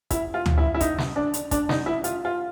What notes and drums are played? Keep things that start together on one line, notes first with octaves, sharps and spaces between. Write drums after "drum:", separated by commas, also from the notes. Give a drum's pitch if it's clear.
E4, drum: kick A1, hi-hat
F4
drum: tom D2
E4
E4
D#4, drum: kick A1, hi-hat
drum: snare
D4
drum: hi-hat
D4, drum: kick A1, hi-hat
D#4, drum: snare
E4
F4, drum: hi-hat
F4